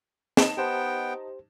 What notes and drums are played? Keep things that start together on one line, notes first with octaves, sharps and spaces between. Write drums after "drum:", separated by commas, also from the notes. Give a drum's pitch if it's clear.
D#4 A5 E7, drum: snare
B3 G4 C5 G5